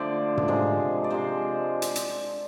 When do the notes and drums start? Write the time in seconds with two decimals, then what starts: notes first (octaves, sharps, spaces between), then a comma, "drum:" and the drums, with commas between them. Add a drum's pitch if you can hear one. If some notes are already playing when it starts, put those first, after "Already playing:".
Already playing: D3 F3 A3 C5 D5
0.37 drum: tom
0.48 C3 F3 G#3
1.04 D5
1.10 C3 F3 G#3 C5
1.82 drum: hi-hat
1.96 drum: hi-hat